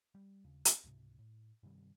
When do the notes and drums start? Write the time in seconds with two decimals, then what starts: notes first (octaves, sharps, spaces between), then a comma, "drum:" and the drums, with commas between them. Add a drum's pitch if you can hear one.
0.15 G3
0.44 D#2 C#3
0.65 drum: hi-hat
0.84 C#2 G#2 C3
1.19 A2
1.63 G2 C3 D#3 G3